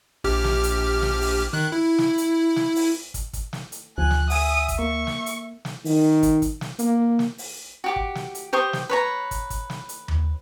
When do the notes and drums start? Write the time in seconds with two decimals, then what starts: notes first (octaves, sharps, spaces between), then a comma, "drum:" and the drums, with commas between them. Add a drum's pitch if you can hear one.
0.24 A#1 G4 F6
0.44 drum: snare
0.64 drum: hi-hat
1.02 drum: snare
1.21 drum: open hi-hat
1.53 D#3 F#6
1.72 E4
1.98 drum: snare
2.18 drum: hi-hat
2.56 drum: snare
2.76 drum: open hi-hat
3.14 drum: kick, hi-hat
3.33 drum: kick, hi-hat
3.53 drum: snare
3.72 drum: hi-hat
3.98 D2 F3 G#5 F#6
4.11 drum: snare
4.30 E5 F#5 G#5 D#6 E6, drum: open hi-hat
4.68 drum: kick, hi-hat
4.79 A#3 C#6
5.07 drum: snare
5.26 drum: hi-hat
5.65 drum: snare
5.85 D#3, drum: open hi-hat
6.23 drum: kick, hi-hat
6.42 drum: kick, hi-hat
6.61 drum: snare
6.79 A#3, drum: hi-hat
7.19 drum: snare
7.38 drum: open hi-hat
7.84 F#4 G4 D6
7.96 drum: kick
8.15 drum: snare
8.35 drum: hi-hat
8.53 G4 C5 C#6 D#6
8.73 drum: snare
8.89 B4 C#5 A#5
9.31 drum: kick, hi-hat
9.50 drum: kick, hi-hat
9.70 drum: snare
9.89 drum: hi-hat
10.08 drum: tom D#2